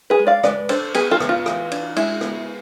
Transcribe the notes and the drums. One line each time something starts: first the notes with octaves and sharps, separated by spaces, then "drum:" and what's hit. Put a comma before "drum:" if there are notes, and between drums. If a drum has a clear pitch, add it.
G#4 B4
G#3
D5 F5
G#3 B4 D5, drum: rim click
D4 A4 C5, drum: cymbal
B3 G#4 B4, drum: cymbal
F4 A4
B3, drum: rim click
F4
E3, drum: rim click
D4, drum: cymbal
G#3 E4, drum: cymbal
B3, drum: rim click